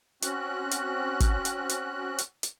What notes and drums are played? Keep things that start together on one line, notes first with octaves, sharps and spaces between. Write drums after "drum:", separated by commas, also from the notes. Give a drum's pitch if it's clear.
C4 C#4 F#4 F#6, drum: hi-hat
drum: hi-hat
drum: kick, hi-hat
drum: hi-hat
drum: hi-hat
drum: hi-hat
drum: hi-hat